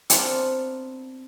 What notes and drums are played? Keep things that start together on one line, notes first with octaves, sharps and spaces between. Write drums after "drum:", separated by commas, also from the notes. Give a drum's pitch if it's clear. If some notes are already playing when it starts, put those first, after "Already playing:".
B3 C4 D4 F4 A#4, drum: hi-hat